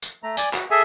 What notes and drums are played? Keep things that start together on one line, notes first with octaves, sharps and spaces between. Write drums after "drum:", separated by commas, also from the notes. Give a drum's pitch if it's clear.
drum: tambourine
A3 A#5
D5 G#5, drum: tambourine
F#4, drum: clap
G#4 A4 E5 G#5